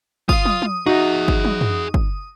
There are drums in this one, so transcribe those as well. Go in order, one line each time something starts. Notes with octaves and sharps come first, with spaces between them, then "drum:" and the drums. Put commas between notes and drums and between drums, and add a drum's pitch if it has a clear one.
F4 F5 D#6, drum: kick
drum: tom
drum: tom
D#4 F#4 G#4 E5
drum: kick
drum: tom
drum: tom
drum: kick